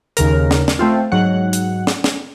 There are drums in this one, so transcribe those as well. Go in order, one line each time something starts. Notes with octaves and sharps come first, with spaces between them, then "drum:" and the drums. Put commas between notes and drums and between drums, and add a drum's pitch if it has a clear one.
D#2 C#3 A#4, drum: hi-hat
drum: snare
drum: snare
A3 C4 F4
G#2 F#3 F#5
drum: hi-hat
drum: snare
drum: snare